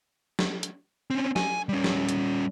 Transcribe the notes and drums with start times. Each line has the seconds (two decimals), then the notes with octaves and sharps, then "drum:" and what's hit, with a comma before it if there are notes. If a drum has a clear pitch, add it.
0.39 drum: snare
0.63 drum: hi-hat
1.10 C4 C#4
1.36 G#5, drum: snare
1.69 G3 C#4
1.84 drum: snare
2.09 drum: hi-hat